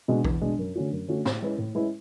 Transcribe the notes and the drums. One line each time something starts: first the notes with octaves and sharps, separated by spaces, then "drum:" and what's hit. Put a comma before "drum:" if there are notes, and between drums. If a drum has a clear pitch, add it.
B2 G#3 D4
E2, drum: kick A#1
B2 G#3 D4
F#2
D3 A3 C#4 F#4
F#2
D3 A3 C#4 F#4
A2, drum: snare
G#3 C#4 E4 B4
A2
G#3 C#4 E4 B4